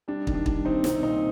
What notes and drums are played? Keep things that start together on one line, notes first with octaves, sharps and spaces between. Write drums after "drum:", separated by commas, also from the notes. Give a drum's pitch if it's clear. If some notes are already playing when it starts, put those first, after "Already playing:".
G3 D4
D#3, drum: kick
D4
G3 D4, drum: kick
D#3 C4 D#4
C2 C4 D#4, drum: snare
A#2 C4 D#4